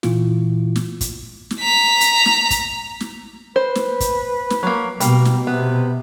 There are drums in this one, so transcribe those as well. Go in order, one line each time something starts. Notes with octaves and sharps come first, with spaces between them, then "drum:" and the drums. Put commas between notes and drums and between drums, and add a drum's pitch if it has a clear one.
A#2 E3 E4 F4, drum: snare
drum: snare
drum: kick, hi-hat
drum: snare
A#5 B6
drum: hi-hat
drum: snare
drum: kick, hi-hat
drum: snare
B4 C5
drum: snare
drum: kick, hi-hat
drum: snare
F#3 A#3
B2 G3 A#3, drum: hi-hat
drum: snare
C3 B3